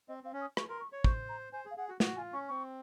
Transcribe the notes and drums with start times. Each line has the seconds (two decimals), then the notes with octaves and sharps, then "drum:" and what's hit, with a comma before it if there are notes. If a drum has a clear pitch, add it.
0.08 C4 D#5
0.24 C4 F5
0.33 C#4
0.41 D#6
0.57 C#6, drum: rim click
0.69 A#4 C6
0.80 C#6
0.93 C#5
1.04 C5 C#6, drum: kick
1.29 A#5
1.53 C5 G#5
1.65 G#4
1.71 F5
1.77 G#4 F#5
1.89 F#4
2.00 F#4 F#5, drum: snare
2.16 F4 G#5
2.33 C#4 C#6
2.48 C4 C#6